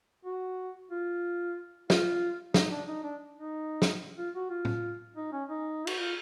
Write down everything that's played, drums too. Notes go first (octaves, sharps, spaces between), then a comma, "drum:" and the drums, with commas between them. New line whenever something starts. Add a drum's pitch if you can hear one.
F#4
F4
F4, drum: snare
D#4, drum: snare
D4
D#4
D4
D#4
drum: snare
F4
F#4
F4
drum: tom A2
D#4
C#4
D#4
F#4, drum: cymbal
F4